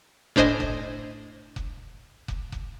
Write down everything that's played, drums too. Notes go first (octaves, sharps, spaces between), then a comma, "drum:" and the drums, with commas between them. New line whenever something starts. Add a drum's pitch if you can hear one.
A2 D4 C5 D#5 G#5, drum: kick F1
drum: kick F1
drum: kick F1
drum: kick F1
drum: kick F1